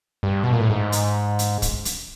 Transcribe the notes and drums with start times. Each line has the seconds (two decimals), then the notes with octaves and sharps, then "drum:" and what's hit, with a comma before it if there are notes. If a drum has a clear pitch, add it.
0.23 G2
0.43 B2
0.53 A#2
0.60 A2
0.70 G#2
0.92 drum: hi-hat
1.39 drum: hi-hat
1.62 drum: kick, hi-hat
1.85 drum: hi-hat